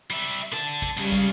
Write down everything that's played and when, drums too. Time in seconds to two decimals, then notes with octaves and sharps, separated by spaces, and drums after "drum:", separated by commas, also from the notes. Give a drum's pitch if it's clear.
0.10 G3 E5
0.52 D3 A5, drum: rim click
0.82 drum: kick, hi-hat
0.97 C#2 C#3 G3 F5 C#6
1.12 drum: kick, hi-hat